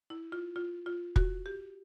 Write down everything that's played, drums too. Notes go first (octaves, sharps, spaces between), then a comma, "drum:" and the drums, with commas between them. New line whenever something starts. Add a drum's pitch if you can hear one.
E4
F4
F4
F4
F#4, drum: kick
G4